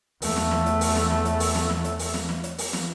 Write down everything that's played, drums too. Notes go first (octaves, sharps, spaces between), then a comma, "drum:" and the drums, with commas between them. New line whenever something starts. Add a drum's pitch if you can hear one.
E2 A3, drum: open hi-hat
drum: snare
drum: snare
drum: hi-hat
drum: open hi-hat
drum: snare
drum: snare
drum: hi-hat
drum: open hi-hat
drum: snare
drum: snare
drum: hi-hat
drum: open hi-hat
drum: snare
drum: snare
drum: hi-hat
drum: open hi-hat
drum: snare